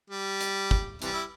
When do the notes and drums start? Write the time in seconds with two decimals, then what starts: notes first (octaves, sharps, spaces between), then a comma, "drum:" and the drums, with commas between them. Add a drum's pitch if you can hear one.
0.10 G3
0.41 drum: hi-hat
0.71 drum: kick
1.02 C3 E3 G3, drum: hi-hat
1.13 E4